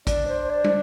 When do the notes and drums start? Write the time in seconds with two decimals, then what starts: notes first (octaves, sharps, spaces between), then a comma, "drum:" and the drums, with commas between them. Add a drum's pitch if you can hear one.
0.07 D4 D5, drum: kick, hi-hat
0.28 C5
0.50 D5
0.64 drum: tom